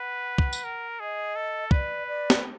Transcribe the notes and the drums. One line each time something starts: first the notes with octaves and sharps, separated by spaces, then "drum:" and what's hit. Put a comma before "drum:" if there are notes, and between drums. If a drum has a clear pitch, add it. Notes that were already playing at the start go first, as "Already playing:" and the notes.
Already playing: B4 F#5
drum: kick
drum: tambourine
A#4
G#4 D#5
A4
B4 D5, drum: kick
D5
drum: snare